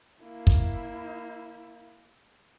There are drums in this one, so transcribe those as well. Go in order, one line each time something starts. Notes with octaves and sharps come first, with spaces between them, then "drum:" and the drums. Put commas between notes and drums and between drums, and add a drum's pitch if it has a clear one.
A#3 E4
drum: kick